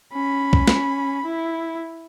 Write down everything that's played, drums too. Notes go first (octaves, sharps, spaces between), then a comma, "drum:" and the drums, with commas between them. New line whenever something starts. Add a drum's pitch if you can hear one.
C#4 B5
drum: kick
drum: snare
E4